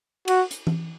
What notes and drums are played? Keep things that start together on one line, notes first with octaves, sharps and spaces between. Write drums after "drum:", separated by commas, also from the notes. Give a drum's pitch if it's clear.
F#4, drum: cymbal
drum: hi-hat
drum: tom